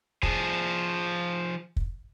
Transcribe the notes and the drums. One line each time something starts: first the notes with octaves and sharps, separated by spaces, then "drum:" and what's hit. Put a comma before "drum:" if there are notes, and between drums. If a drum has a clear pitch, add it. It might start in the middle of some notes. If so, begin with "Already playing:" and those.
F3 G#4, drum: kick
drum: kick